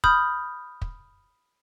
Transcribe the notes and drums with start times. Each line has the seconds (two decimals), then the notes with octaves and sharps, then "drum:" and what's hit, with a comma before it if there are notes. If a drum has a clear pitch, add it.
0.04 B5 D#6 F6 G6, drum: kick
0.82 drum: kick